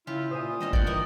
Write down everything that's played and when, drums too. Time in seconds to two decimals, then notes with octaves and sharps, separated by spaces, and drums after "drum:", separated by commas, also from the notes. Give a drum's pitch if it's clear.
0.07 C#3 E4 F4 G4
0.31 A#2 C5 E5 G#5 D#6
0.61 D3 D#3 G3 A4 D#5 F6
0.73 F#4 D5 G5, drum: kick
0.87 E3 D#4 A#4 D#5